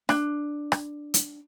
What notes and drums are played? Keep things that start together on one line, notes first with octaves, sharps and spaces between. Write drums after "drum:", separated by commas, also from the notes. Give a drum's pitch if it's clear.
D4, drum: rim click
drum: rim click
drum: hi-hat